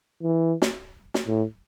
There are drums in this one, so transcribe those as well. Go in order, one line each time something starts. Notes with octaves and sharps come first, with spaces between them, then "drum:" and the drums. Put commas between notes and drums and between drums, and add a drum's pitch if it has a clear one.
E3
drum: snare
drum: snare
A2